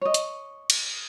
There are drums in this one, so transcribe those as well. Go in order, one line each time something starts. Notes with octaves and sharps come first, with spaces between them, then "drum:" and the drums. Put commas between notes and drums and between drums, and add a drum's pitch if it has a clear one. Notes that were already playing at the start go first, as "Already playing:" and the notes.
C#5 D#5
drum: hi-hat
drum: cymbal